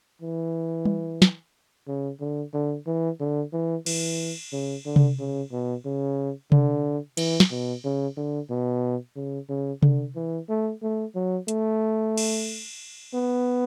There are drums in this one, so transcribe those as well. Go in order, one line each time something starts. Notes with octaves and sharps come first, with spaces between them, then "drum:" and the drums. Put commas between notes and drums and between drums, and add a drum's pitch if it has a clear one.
E3
drum: tom G3
drum: snare
C#3
D3
D3
E3
D3
E3
E3, drum: cymbal
C#3
D3
drum: tom C3
C#3
B2
C#3
D3, drum: tom C3
E3, drum: cymbal
drum: snare
B2
C#3
D3
B2
C#3
C#3
D3, drum: tom C3
E3
A3
A3
F#3
A3, drum: hi-hat
drum: cymbal
B3